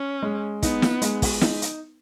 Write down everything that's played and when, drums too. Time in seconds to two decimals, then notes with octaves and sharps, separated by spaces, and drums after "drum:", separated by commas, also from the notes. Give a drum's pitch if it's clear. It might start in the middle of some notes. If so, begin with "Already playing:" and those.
Already playing: C#4
0.23 G#3
0.63 B3 D#4, drum: kick, hi-hat
0.82 drum: snare
1.02 G#3, drum: hi-hat
1.22 drum: kick, open hi-hat
1.41 D#4, drum: snare
1.62 drum: hi-hat